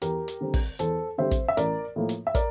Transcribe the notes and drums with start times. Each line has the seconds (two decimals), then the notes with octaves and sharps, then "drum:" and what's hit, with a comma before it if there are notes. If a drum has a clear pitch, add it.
0.02 E2 G4 A#4, drum: hi-hat
0.28 drum: hi-hat
0.41 D3 G3 C4
0.54 drum: kick, open hi-hat
0.79 E2 A4 C5, drum: hi-hat
1.18 D3 G3 C4 C5 E5
1.31 drum: kick, hi-hat
1.48 E5
1.57 A1 A#4 D5, drum: hi-hat
1.96 A2 F3 A#3
2.09 drum: hi-hat
2.27 E5
2.35 A#4 D5, drum: kick, hi-hat